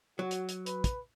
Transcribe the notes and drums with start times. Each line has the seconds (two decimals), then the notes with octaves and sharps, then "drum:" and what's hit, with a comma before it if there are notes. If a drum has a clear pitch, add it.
0.19 F#3 F#4
0.31 drum: hi-hat
0.49 drum: hi-hat
0.66 B4, drum: hi-hat
0.84 drum: kick, hi-hat